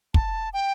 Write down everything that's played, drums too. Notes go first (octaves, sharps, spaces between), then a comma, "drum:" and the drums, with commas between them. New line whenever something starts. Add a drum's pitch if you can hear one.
A5, drum: kick
G5